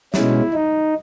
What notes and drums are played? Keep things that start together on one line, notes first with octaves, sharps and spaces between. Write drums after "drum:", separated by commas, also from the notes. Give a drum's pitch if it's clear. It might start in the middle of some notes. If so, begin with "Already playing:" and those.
B2 G#3 C#4 E4, drum: snare
D#4